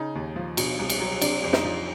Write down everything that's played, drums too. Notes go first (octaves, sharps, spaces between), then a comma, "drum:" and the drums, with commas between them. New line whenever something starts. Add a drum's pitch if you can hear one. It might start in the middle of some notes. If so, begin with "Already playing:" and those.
Already playing: C#3 D#4
D#2
F3
B2, drum: cymbal
C2
drum: cymbal
F#3
C3 D4, drum: cymbal
F2
D#4, drum: snare
F3